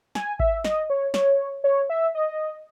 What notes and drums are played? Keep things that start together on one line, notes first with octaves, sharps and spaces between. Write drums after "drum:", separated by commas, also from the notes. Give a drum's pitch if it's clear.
G#5, drum: snare
E5, drum: kick G#1
D#5, drum: snare
C#5
C#5, drum: snare
C#5
E5
D#5